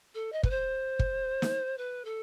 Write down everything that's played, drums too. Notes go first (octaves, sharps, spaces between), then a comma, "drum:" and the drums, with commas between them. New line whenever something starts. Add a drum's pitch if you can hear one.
A4
D#5
B4, drum: kick
C5
drum: kick
drum: snare
B4
A4